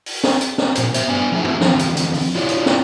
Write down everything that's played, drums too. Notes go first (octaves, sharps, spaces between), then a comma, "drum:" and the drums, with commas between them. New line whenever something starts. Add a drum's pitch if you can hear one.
drum: open hi-hat
drum: snare
drum: hi-hat
drum: snare
A#2 C5, drum: hi-hat
A#2 C5 E5, drum: hi-hat
G2 B3 D4 G#5
F3 C4 G#4 B4 E5 A5
drum: tom
D3 E3 F3 C4, drum: snare
drum: hi-hat
drum: hi-hat
drum: open hi-hat
D4 E4 F4 G4 C#5 D5
drum: hi-hat
drum: snare